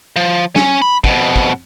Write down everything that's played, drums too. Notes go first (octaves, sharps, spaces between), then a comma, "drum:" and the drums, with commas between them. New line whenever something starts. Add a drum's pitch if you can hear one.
F3
C#4, drum: snare
B5
F2 B2, drum: kick
drum: kick